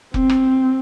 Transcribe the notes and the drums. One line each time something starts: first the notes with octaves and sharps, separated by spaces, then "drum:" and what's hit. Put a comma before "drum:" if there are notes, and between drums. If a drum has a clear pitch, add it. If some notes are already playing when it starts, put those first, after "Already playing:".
C4, drum: kick F1
drum: rim click